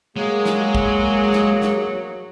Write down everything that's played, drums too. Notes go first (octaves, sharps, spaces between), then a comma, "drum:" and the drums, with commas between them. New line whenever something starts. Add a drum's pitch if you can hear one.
F#3 G#3 A#3 G#4
drum: snare
drum: kick
drum: snare
drum: snare